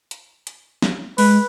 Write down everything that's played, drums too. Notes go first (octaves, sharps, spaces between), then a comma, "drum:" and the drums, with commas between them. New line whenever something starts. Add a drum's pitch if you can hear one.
drum: hi-hat
drum: hi-hat
drum: snare
G#3 B4, drum: open hi-hat